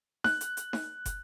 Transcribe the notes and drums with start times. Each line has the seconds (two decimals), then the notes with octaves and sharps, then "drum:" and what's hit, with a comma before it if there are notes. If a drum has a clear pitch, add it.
0.24 F#6, drum: snare D#4
0.41 drum: hi-hat
0.57 drum: hi-hat
0.73 drum: snare D#4
1.06 drum: kick, hi-hat